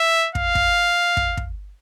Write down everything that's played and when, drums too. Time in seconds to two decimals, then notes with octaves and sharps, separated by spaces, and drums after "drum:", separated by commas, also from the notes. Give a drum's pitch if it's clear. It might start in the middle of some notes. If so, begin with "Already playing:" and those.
Already playing: E5
0.35 F5, drum: kick
0.55 drum: kick
1.17 drum: kick
1.37 drum: kick